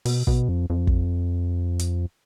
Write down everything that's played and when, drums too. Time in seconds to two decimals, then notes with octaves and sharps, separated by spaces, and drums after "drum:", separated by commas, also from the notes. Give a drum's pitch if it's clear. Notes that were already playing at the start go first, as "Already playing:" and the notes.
0.05 B2, drum: open hi-hat
0.27 B2, drum: kick
0.49 F2
0.70 F2
0.87 drum: kick
1.79 drum: hi-hat